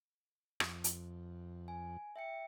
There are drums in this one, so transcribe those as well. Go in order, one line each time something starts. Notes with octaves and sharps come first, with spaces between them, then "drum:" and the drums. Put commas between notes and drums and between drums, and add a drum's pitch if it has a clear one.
F2, drum: rim click
drum: hi-hat
G#5
E5 G5 C#7